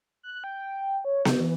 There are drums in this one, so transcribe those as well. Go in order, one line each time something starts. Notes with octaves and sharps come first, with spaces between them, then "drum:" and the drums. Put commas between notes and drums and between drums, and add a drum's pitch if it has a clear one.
F#6
G5
C#5
G6, drum: snare B3
E3